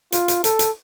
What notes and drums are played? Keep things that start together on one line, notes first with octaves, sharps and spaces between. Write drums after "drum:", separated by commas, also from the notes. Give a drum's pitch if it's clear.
F4, drum: hi-hat
drum: hi-hat
A4, drum: hi-hat
drum: hi-hat